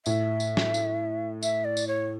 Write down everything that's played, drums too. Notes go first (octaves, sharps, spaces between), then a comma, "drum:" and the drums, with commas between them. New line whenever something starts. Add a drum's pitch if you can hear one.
A2 E5, drum: tambourine
drum: tambourine
drum: snare
drum: tambourine
E5, drum: tambourine
D5
drum: tambourine
C#5